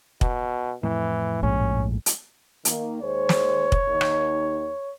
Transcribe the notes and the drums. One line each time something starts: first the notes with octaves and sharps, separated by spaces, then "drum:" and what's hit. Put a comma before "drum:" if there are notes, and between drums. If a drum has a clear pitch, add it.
B2, drum: kick
F2 A2 E3
A#1 G#2 C#4
drum: hi-hat
D#3 A#3, drum: hi-hat
D#2 G#3 C5 C#5
drum: snare
drum: kick
D#2 D#3
drum: rim click